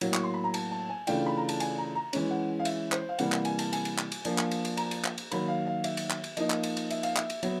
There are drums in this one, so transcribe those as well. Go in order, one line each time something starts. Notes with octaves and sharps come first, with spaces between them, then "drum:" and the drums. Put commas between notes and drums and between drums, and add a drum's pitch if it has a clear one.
A2 F#3 A#3, drum: cymbal
C#6, drum: clap
C6
B5
A#5
A5, drum: cymbal
A5
G#5
C#3 E3 A3 D4 F4 G5, drum: cymbal
B5
A#5
A5, drum: cymbal
G#5, drum: cymbal
A#5
A#5
E3 G#3 C#4, drum: cymbal
F#5
F5
E5, drum: cymbal
C5, drum: clap
F5
C3 E3 G3 A#3 F#5, drum: cymbal
drum: clap
G#5, drum: cymbal
A5, drum: cymbal
G#5, drum: cymbal
drum: cymbal
drum: clap
drum: cymbal
F3 A#3 D4, drum: cymbal
drum: clap
drum: cymbal
drum: cymbal
A#5, drum: cymbal
drum: cymbal
drum: clap
drum: cymbal
D#3 F#3 A#3 B5, drum: cymbal
F5
F5
E5, drum: cymbal
drum: cymbal
drum: clap
drum: cymbal
F3 A#3 D#4 D#5, drum: cymbal
drum: clap
drum: cymbal
drum: cymbal
E5, drum: cymbal
F5, drum: cymbal
E5, drum: clap
drum: cymbal
F#3 B3, drum: cymbal